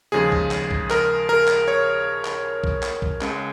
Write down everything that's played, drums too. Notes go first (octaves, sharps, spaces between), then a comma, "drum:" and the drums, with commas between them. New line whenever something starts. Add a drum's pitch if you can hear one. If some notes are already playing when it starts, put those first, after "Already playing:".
D#2 C#3 F3 G#3 G#4
drum: kick B1
drum: clap
drum: kick B1
A#4, drum: clap
A#4
drum: clap
C#5
drum: clap
drum: kick B1
drum: clap
drum: kick B1
C#2 C#3 G#3, drum: clap